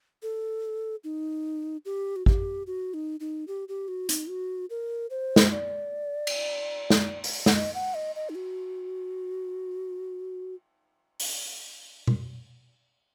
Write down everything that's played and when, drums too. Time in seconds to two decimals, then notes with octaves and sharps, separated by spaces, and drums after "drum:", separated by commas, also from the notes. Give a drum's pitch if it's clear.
0.23 A4
1.04 D#4
1.85 G4
2.16 F#4
2.26 G4, drum: kick G#1
2.67 F#4
2.94 D#4
3.20 D#4
3.48 G4
3.69 G4
3.88 F#4
4.09 D#4, drum: hi-hat
4.29 F#4
4.70 A#4
5.10 C5
5.36 drum: snare
5.51 D5
6.27 drum: cymbal
6.90 drum: snare
7.24 drum: open hi-hat
7.46 F#5, drum: snare
7.55 D#5
7.75 F#5
7.94 D#5
8.16 D#5
8.29 D#4
8.36 F#4
11.20 drum: open hi-hat
12.07 drum: tom B2